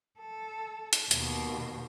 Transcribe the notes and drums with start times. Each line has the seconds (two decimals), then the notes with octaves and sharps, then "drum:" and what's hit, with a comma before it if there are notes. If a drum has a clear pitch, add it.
0.20 A4
0.93 drum: hi-hat
1.11 D#2 B2, drum: hi-hat